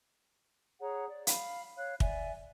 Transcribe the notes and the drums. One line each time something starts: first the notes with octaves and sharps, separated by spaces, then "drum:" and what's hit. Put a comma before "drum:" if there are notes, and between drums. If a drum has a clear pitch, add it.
G#4 C#5 F#5 A#5
D5
F5 B5, drum: hi-hat
C#5 F5 F#6
D5 E5 G#5, drum: kick